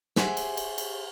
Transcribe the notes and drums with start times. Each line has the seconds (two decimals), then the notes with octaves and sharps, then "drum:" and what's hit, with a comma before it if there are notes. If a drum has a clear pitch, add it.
0.16 G4 G#4 C5 E5 F#5, drum: snare
0.37 drum: cymbal
0.57 drum: cymbal
0.78 drum: cymbal